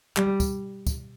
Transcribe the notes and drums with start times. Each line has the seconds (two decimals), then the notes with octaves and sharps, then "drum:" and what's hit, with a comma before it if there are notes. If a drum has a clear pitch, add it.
0.16 G3, drum: clap
0.40 drum: kick, tambourine
0.87 drum: kick, tambourine